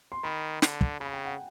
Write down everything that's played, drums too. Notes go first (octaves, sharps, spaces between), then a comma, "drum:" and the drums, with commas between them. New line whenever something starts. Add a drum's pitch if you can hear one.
C6
D#3 B5
D3, drum: snare
drum: kick
C#3 B5
G#5
G5
F#5